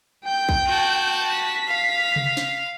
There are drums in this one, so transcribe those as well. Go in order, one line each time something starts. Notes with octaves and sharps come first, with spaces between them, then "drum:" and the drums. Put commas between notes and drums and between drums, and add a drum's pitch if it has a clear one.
G5 G6
drum: kick A#1
F#4 A5
B6
F5
drum: tom C3
drum: snare